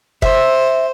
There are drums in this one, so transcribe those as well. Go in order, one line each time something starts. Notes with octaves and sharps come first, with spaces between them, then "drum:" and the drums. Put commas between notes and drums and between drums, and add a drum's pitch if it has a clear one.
C5 E5, drum: kick F#1